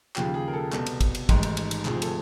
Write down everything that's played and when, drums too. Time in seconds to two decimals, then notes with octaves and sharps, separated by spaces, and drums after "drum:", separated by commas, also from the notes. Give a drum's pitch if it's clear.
0.16 D#2 C#3 F3 G4, drum: clap
0.34 G#4
0.48 A#4
0.53 A4
0.72 C2 B2 A4, drum: clap
0.86 drum: cymbal
1.01 drum: kick, cymbal
1.15 drum: cymbal
1.29 A1 G#2 D#3, drum: kick, cymbal
1.43 drum: cymbal
1.57 drum: cymbal
1.71 drum: cymbal
1.85 D2 C3 F3 G#4, drum: clap
2.02 A4, drum: cymbal